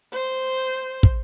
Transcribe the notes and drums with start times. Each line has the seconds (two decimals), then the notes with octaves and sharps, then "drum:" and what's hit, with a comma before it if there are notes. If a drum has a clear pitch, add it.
0.13 C5
1.03 drum: kick